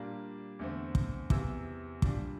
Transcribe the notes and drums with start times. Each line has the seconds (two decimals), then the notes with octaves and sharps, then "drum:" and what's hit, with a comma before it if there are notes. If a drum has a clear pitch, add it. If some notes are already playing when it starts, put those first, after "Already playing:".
Already playing: A#2 G3 A#3 D4
0.59 E2 D3 A3 C4
0.95 drum: kick
1.30 E2 C3 E3 E6, drum: kick
2.02 A#2 G3 D4, drum: kick